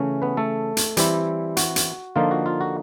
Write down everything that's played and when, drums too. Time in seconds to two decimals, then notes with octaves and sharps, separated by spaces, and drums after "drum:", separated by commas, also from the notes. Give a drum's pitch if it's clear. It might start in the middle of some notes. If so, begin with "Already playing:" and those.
Already playing: C#3 E3 A3 C#4
0.22 B3 B4
0.37 A3 A4
0.77 drum: hi-hat
0.97 E3 G3 C4 E4 G4, drum: hi-hat
1.57 F#4, drum: hi-hat
1.76 drum: hi-hat
2.16 D3 F3 A#3 D#4 F4
2.31 F#4
2.46 F4
2.61 F#4